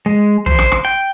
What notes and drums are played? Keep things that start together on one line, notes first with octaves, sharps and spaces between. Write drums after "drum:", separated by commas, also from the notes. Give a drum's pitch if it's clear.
G#3
C5, drum: tom
drum: rim click
drum: rim click
G5